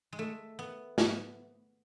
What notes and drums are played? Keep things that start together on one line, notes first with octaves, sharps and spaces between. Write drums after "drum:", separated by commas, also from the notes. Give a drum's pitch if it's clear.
G#3
A3
B3
B3, drum: snare